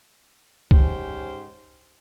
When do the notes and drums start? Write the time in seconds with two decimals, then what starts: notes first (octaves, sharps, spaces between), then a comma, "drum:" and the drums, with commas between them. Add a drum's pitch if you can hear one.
0.71 G#2 C#4 G4 C5, drum: kick